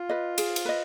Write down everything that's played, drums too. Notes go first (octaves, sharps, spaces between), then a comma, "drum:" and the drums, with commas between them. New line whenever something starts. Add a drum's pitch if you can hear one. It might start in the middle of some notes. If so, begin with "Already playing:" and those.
Already playing: F4
B4 D#5
G#4, drum: cymbal
drum: cymbal
B4 D#5